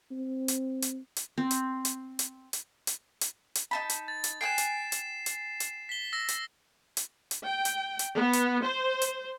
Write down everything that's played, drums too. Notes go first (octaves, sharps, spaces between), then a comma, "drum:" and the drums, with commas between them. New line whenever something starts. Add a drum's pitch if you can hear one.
C4
drum: hi-hat
drum: hi-hat
drum: hi-hat
C4
drum: hi-hat
drum: hi-hat
drum: hi-hat
drum: hi-hat
drum: hi-hat
drum: hi-hat
drum: hi-hat
D#4 A5 B5
drum: hi-hat
A6
drum: hi-hat
G5 G#5 F#6 C7 E7
drum: hi-hat
drum: hi-hat
drum: hi-hat
drum: hi-hat
B6 G7
E6 A#6
drum: hi-hat
drum: hi-hat
drum: hi-hat
G5
drum: hi-hat
drum: hi-hat
B3
drum: hi-hat
C5
drum: hi-hat